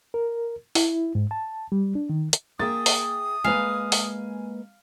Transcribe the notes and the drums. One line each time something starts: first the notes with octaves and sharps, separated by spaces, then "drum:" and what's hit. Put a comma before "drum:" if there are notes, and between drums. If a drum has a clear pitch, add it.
A#4
E4, drum: open hi-hat
G#2
A5
G3
D4
D#3
drum: hi-hat
A#3 G#4 E5 G5 D#6 A6
drum: open hi-hat
G#3 A#3 B4 F5 G#5
drum: open hi-hat